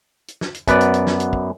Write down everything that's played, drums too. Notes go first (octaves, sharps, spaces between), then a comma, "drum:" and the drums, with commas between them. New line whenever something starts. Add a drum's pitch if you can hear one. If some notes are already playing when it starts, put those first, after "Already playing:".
drum: hi-hat
drum: snare
drum: hi-hat
F#2 B3 B4 D5, drum: kick, hi-hat
drum: hi-hat
drum: hi-hat
drum: snare
drum: hi-hat
drum: kick